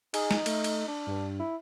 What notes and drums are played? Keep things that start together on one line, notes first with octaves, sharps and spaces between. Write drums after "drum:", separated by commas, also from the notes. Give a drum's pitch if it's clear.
D#4 G#4, drum: cymbal
drum: snare
A3, drum: cymbal
drum: cymbal
D4
G2
E4